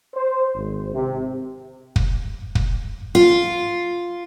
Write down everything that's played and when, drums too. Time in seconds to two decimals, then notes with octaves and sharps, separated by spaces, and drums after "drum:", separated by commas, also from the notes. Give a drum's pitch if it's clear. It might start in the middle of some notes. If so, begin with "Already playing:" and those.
0.14 C5
0.56 G#1
0.93 C3
1.96 drum: kick
2.55 drum: kick
3.15 F4